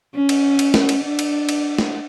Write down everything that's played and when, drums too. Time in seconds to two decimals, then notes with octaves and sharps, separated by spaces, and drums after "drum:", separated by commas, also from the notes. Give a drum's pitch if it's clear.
0.14 C#4
0.29 drum: cymbal
0.59 drum: cymbal
0.74 drum: snare
0.89 drum: cymbal
1.04 D4
1.19 drum: cymbal
1.49 drum: cymbal
1.79 drum: snare